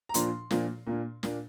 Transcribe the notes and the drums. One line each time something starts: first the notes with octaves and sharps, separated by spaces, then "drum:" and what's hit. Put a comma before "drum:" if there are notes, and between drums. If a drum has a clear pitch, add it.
A#5
A#2 F3 A#3 D4 C6, drum: hi-hat
A#2 F3 A#3 D4, drum: snare
A#2 A#3 D4
A#2 A#3 D4, drum: snare